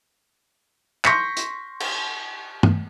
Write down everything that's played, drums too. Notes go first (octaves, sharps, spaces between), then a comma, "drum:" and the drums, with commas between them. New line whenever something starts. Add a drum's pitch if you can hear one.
C6 C#6 G6 A#6 B6 C#7, drum: clap
drum: hi-hat
drum: cymbal
drum: tom